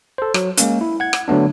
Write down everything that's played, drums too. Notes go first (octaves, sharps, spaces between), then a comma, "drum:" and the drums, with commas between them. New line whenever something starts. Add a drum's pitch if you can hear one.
A4 C5
F#3, drum: rim click
G#3 A#3 C#4, drum: hi-hat
E4
F#5 G#6
drum: rim click
D3 F#3 A3 B3 D4